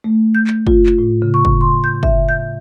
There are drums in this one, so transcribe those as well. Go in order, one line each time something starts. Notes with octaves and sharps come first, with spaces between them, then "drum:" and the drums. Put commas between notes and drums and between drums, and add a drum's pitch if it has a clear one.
A3
G6
drum: clap
F4, drum: kick
drum: clap
A2
C#3
C#6
drum: kick
C6
G6
E5, drum: kick
G6